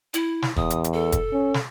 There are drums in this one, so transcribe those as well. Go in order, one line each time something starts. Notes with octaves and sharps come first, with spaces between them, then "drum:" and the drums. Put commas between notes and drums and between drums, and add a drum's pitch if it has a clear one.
E4, drum: hi-hat
drum: snare
E2 D#6, drum: kick
drum: hi-hat
drum: hi-hat
A4
drum: kick, hi-hat
C#4
drum: snare